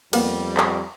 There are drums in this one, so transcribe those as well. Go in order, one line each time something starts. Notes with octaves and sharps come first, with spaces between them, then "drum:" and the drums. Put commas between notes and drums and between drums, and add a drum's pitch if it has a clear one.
F2 G3 A#3 B3, drum: cymbal
drum: clap